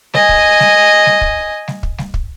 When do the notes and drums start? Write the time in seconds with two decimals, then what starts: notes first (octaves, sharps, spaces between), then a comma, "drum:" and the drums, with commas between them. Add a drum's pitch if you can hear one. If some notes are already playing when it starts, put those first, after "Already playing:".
0.14 D#5 G#5, drum: snare G3
0.29 drum: kick
0.60 drum: snare G3
1.06 drum: snare G3
1.21 drum: kick
1.68 drum: snare G3
1.83 drum: kick
1.98 drum: snare G3
2.14 drum: kick